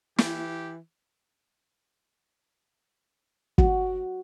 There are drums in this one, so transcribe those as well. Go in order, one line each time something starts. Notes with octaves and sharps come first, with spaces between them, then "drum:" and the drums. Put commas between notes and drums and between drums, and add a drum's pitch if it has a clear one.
E3 G4, drum: snare
F#4, drum: kick